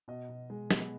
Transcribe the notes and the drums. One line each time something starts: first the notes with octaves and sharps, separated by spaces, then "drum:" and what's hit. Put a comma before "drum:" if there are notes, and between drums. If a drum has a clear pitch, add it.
B2 D#5
B2
G#3
B3, drum: snare